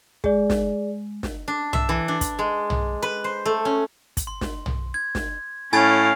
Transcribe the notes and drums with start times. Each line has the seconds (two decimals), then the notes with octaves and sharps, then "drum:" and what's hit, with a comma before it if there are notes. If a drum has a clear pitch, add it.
0.24 G#3 G#4 D5, drum: kick
0.50 drum: snare
1.23 drum: snare
1.48 D4
1.73 E5, drum: tom
1.89 E3
2.08 D4
2.21 drum: kick, hi-hat
2.39 G#3
2.70 drum: tom
3.02 B4
3.24 C5
3.45 A3
3.65 C#4
4.17 drum: kick, hi-hat
4.27 C6
4.41 drum: snare
4.66 drum: tom
4.94 G#6
5.15 drum: snare
5.73 A2 C#4 F5 G#5 G#6 A6